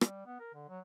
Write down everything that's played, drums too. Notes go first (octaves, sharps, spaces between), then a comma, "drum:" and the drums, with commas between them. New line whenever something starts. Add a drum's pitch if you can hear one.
G3, drum: rim click
B3
A#4
D3
F#3